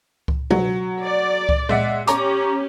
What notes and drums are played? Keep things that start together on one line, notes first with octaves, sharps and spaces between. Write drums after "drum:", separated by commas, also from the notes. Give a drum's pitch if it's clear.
drum: kick C#2
F#3, drum: tom
D5
drum: kick C#2
G#3 E5 F#5, drum: tom A2
C#4 G4 C#5 A#5 D6, drum: hi-hat